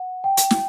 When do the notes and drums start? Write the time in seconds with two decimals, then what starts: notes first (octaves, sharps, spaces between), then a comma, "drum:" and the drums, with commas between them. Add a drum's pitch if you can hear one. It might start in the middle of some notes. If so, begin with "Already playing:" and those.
Already playing: F#5
0.24 G5
0.37 drum: hi-hat
0.51 drum: snare